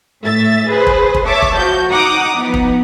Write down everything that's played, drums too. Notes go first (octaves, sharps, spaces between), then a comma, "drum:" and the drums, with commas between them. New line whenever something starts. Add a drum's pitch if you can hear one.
A2 E5 A6
G#4 B4 C5
drum: kick
drum: kick
C#5 E5 A5 D6
drum: kick
F3 F#4 G6
D#4 F#5 A#5 D6 D#6
F3 B3 D#4
drum: kick